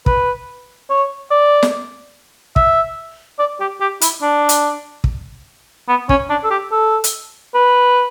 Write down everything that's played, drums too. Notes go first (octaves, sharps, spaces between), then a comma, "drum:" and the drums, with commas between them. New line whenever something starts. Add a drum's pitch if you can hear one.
B4, drum: kick
C#5
D5
drum: snare
E5, drum: kick
D5
G4
G4
E4, drum: hi-hat
D4
drum: hi-hat
drum: kick
B3
C#4, drum: kick
D4
A4
G4
A4
drum: hi-hat
B4